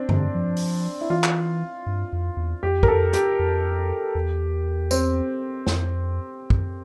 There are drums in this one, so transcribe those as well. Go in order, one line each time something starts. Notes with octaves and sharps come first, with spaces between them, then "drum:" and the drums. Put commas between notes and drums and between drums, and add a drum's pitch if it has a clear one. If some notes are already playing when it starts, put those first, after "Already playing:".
Already playing: C4 D4
D3, drum: tom G2
F3
drum: open hi-hat
E4
E3 F4
drum: clap
G2
F2
E2
F2 G4
A#4, drum: kick
A4
G4, drum: hi-hat
F2
E2
C4, drum: tambourine
F2, drum: snare
drum: kick